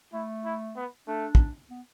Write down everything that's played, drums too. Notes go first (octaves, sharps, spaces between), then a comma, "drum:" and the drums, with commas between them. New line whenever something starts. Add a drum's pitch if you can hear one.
A3 E4
E4
B3
A3 D4
drum: kick
B3